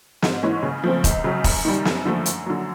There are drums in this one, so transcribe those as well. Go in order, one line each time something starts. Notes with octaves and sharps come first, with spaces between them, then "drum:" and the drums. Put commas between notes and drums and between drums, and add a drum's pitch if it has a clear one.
G#2, drum: snare
E3 G#3 C#4 E4
C#3
F3 A3 C4
C#2, drum: kick E1, hi-hat
C#3 F#3
F#2, drum: kick E1, open hi-hat
D#3 G3
F#2, drum: snare
D3 F3 A3
F#2, drum: hi-hat
D3 F#3